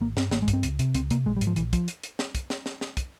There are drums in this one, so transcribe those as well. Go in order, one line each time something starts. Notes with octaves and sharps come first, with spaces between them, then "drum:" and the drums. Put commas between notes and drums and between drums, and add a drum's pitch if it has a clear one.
G#1 A#3
G2 C4, drum: snare
G#1 A#3, drum: snare
G#3
G2, drum: kick, hi-hat
C4
C#2, drum: hi-hat
C3, drum: hi-hat
C#2 C4, drum: hi-hat
C3 A#3, drum: hi-hat
A#1 G#3
G3
G#2, drum: hi-hat
F3
A#1 E3, drum: hi-hat
F3, drum: kick, hi-hat
drum: hi-hat
drum: hi-hat
drum: snare
drum: kick, hi-hat
drum: snare
drum: snare
drum: snare
drum: kick, hi-hat